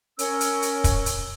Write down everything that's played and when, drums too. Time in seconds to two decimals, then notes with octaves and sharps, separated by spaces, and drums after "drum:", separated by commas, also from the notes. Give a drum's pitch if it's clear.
0.19 C#4 A#4 C#5 E6, drum: hi-hat
0.41 drum: hi-hat
0.62 drum: hi-hat
0.84 drum: kick, hi-hat
1.06 drum: hi-hat